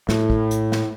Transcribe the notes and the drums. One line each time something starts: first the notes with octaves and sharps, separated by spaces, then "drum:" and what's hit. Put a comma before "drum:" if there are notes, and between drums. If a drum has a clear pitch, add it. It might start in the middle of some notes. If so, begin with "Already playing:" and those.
A2, drum: snare
drum: kick
drum: hi-hat
drum: snare